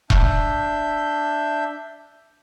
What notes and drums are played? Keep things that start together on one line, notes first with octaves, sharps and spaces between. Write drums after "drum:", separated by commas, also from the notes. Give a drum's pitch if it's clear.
D4 E5 G6, drum: kick E1